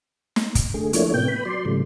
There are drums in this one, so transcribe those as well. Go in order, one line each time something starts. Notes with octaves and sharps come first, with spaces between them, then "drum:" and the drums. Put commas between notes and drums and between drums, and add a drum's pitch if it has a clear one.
drum: snare
drum: kick, hi-hat
D3 A3 G#4
F3 A3 A#3 D4 E4 C#5, drum: hi-hat
A2 C3 B3 G5 G6
B4 B5
F#3 D5 C6
G#2 C#3 F3 G3 A3